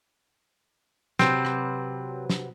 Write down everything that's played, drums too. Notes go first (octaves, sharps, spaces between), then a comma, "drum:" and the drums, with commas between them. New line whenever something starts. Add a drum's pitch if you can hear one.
C3 F#3 C4 B4, drum: snare
drum: rim click
drum: snare